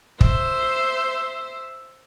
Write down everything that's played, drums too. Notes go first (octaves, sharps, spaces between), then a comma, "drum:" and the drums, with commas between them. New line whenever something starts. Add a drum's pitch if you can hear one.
C5 E5, drum: kick